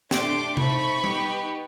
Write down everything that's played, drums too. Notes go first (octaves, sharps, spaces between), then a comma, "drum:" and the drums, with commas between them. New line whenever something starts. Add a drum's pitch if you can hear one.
A3 D4 G4 C6 D6, drum: snare
A3 C4 D#4 B5 C#6, drum: tom C3
B3 D#4 G4, drum: tom G3